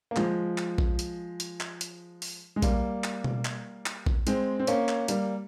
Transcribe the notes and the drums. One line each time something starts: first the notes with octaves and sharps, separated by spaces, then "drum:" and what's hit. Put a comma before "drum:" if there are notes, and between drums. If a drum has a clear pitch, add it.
A#3
F3 G#3, drum: clap
drum: clap
drum: kick A#1
drum: hi-hat
drum: hi-hat
drum: clap
drum: hi-hat
drum: open hi-hat
G#3
G3 A#3, drum: kick A#1, hi-hat
drum: clap
drum: tom B2
drum: clap
drum: clap
drum: kick A#1
G#3 C4, drum: hi-hat
C4
A#3 C#4, drum: hi-hat
drum: clap
G3 A#3, drum: hi-hat